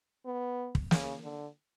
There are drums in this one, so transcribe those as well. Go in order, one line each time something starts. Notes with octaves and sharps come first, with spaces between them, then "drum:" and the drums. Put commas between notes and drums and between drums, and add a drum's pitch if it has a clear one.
B3
drum: kick
C#3, drum: snare
D3